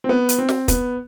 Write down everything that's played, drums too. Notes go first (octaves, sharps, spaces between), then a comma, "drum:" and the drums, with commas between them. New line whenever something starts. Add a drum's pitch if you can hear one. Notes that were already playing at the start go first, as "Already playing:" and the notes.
C4
B3
drum: hi-hat
C4
drum: snare
B3, drum: kick, hi-hat